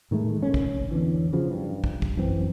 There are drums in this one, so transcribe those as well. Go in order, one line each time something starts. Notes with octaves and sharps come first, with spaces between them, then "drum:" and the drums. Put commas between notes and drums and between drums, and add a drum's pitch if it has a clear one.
A2 D#3 G#3 A3
F1 A#3 C#4
drum: kick
E2 D3 E3
C#3 F3 F#3
G2
drum: kick
drum: kick
F#2 E3 C4